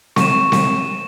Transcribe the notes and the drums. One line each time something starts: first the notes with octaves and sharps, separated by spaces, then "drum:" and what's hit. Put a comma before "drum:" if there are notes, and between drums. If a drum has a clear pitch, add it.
C#6 E7, drum: snare C4
drum: snare C4